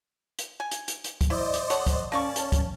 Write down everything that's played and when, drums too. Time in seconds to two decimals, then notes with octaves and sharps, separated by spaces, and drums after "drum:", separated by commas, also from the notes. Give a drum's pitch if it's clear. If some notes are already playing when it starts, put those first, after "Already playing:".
0.39 drum: hi-hat
0.60 G#5
0.71 drum: hi-hat
0.88 drum: hi-hat
1.04 drum: hi-hat
1.21 drum: kick, hi-hat
1.30 E4 C5 D5 D#5
1.54 drum: hi-hat
1.70 A4 C#5 F#5, drum: hi-hat
1.86 drum: kick, hi-hat
2.12 A#3 C#4 D5 A5 C#6
2.36 drum: hi-hat
2.52 drum: kick, hi-hat